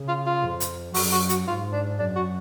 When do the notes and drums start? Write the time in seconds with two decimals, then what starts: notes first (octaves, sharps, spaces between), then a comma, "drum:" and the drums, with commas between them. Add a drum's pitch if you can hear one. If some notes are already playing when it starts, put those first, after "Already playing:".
Already playing: C#3
0.08 F4
0.26 F4
0.43 F2
0.60 drum: hi-hat
0.94 F#2 F#4, drum: open hi-hat
1.12 F#4
1.29 F#4, drum: hi-hat
1.47 G#2 F4
1.73 D4
1.99 F#2 D4
2.16 F#4